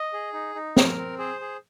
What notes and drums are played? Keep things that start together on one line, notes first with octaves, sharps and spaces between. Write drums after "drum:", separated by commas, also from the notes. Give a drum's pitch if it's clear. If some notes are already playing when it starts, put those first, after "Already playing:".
Already playing: D#5
G#4
D#4
D#4
C4 A#4, drum: snare
C4
G#4 C5
G#4